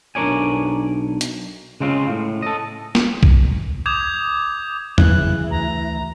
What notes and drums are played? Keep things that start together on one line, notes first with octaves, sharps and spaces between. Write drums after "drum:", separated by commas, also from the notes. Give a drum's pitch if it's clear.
B1 D4 A#4 C#5 D5 G#5
drum: hi-hat
C#3 G#3 C4 C#4 F4
A2
A4 D#5
drum: snare
drum: kick B1
D6 D#6 G6 G#6 F7
G1 E3 F#6, drum: tom E2
C#3
D2 A#5